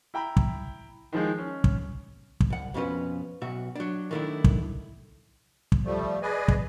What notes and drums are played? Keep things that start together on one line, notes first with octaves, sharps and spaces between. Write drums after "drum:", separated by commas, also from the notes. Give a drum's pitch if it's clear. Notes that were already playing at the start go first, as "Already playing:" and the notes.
E4 G5 A#5 B5
drum: kick
D#3 F3 G#3
C#4
drum: kick
drum: kick
C2 F#5
F2 B2 F3 A3 C#4 B4
B1 B2 F#4 E5
F#3 D4
D#3 F#3 A3 B3 D4 E4
drum: kick
drum: kick
F3 G3 A3
G#4 B4 D5 D#5 G#5
drum: kick